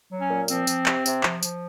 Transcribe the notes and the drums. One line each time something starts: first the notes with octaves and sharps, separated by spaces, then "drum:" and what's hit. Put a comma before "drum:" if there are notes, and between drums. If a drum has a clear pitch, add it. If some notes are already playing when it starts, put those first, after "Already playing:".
F#3
C#4
A#2
F3 C4, drum: tambourine
F3, drum: tambourine
C3, drum: clap
C3, drum: tambourine
F3, drum: clap
F3, drum: tambourine